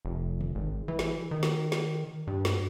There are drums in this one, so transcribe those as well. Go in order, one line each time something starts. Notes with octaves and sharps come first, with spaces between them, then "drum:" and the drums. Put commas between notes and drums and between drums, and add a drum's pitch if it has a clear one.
F1
drum: tom
G#1
E3
drum: snare
D#3
drum: snare
drum: snare
G2
drum: snare